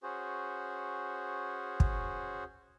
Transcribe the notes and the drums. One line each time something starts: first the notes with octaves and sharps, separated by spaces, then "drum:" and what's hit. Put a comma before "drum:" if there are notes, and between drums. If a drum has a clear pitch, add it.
C#4 F#4 G#4 C5
drum: kick